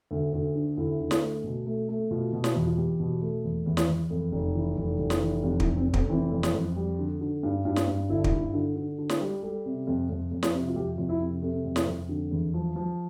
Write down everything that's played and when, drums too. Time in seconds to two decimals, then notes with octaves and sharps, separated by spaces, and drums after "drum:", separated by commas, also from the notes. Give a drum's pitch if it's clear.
0.11 D2
0.33 D2
0.55 D3
0.77 D2 E4
1.00 D2
1.11 drum: snare
1.22 A3
1.44 B2
1.66 A3
1.89 A3
2.11 B2 F4
2.33 B2
2.44 drum: snare
2.55 E2
2.66 F4
2.77 E2 G4
3.00 B2
3.21 A3
3.44 E2
3.66 E2
3.77 drum: snare
3.89 E2
4.10 F2 A4
4.32 F1
4.55 E3
4.77 F1
4.99 F1
5.10 drum: snare
5.21 E3
5.43 F2 G4
5.60 E4, drum: kick
5.65 F1
5.76 C4
5.88 F1
5.94 C4, drum: kick
6.10 E3 C4
6.32 F2
6.43 drum: snare
6.54 F2
6.76 G3
6.99 D3
7.21 D3
7.43 G2
7.65 G2
7.76 drum: snare
7.88 G2
8.09 G1 E4
8.17 D4
8.24 E4, drum: kick
8.32 G2
8.54 D3
8.76 D3
8.99 D3
9.09 drum: snare
9.21 G3
9.42 G3 A4
9.65 C3
9.87 F2
10.09 F2
10.32 F2
10.43 drum: snare
10.54 C3
10.68 F4
10.76 F2 G4
10.98 F2 F4
11.09 E4
11.21 C3
11.42 C3 A4
11.65 F2
11.76 drum: snare
11.87 F2
12.09 D3
12.31 E2
12.54 F3
12.76 F3